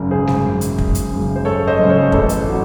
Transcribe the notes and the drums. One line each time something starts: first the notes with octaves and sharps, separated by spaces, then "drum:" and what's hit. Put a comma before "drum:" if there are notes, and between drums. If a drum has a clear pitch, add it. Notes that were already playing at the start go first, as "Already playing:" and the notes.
Already playing: G#1 F#2 C#3
G#1 G#4 C5
drum: snare G3
F#2 C#3
drum: hi-hat
G#1, drum: kick
drum: hi-hat
F#2 C#3
C5
G#1 A4 C#5
C5 D#5
F#2 C#3
A4 C#5
A1 A4, drum: kick
drum: hi-hat
F#3